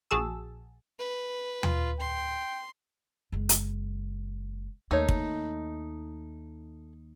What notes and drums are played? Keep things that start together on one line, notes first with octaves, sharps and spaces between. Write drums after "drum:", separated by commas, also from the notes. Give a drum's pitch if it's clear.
A#1 F#4 G#4 A5 E6
B4
F4, drum: tom D#2
G5 C6
F#1 G#3
drum: hi-hat
D#2 A3 D#4 C#5
drum: kick